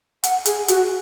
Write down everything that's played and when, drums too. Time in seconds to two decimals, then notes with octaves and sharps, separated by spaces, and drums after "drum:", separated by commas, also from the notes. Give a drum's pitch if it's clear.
0.24 F#5, drum: hi-hat
0.45 G#4, drum: hi-hat
0.68 F#4, drum: hi-hat